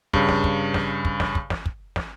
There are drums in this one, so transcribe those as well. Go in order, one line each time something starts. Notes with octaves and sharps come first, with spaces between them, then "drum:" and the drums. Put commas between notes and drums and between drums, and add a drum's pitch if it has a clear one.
G2 C#3, drum: kick
drum: snare
drum: kick
drum: snare
drum: kick
drum: snare
drum: kick
drum: snare
drum: kick
drum: snare